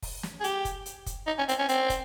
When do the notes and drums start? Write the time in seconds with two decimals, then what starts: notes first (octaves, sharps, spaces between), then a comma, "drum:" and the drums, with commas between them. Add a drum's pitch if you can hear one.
0.03 drum: kick, open hi-hat
0.23 drum: snare
0.40 G#4
0.44 G4, drum: hi-hat
0.65 drum: kick, hi-hat
0.86 drum: hi-hat
1.06 drum: kick, hi-hat
1.27 D#4
1.38 C#4
1.49 C4, drum: hi-hat
1.59 C#4
1.69 C4, drum: hi-hat
1.90 drum: kick, hi-hat